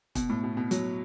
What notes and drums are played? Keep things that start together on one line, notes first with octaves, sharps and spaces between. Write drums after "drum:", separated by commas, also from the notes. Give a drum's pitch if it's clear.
B2, drum: kick, hi-hat
A2
B2
B2
F#3, drum: hi-hat